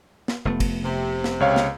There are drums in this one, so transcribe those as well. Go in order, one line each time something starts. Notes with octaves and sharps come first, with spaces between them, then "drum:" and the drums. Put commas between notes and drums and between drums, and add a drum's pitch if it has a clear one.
drum: snare
F1 A3 B3
drum: kick, cymbal
C3
drum: snare
C#2 C#5 F5
drum: snare